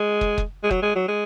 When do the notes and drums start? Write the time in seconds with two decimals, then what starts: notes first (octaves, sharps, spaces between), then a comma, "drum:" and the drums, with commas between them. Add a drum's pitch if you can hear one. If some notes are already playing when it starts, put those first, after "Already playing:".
Already playing: G#3
0.21 drum: kick
0.38 drum: kick
0.64 G#3
0.71 F#3, drum: kick
0.82 G#3
0.95 F#3
1.08 G#3